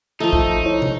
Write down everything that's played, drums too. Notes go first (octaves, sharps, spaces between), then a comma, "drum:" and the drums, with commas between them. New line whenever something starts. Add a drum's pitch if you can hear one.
F3 A3 D#4
drum: kick
E4 C#5
drum: tom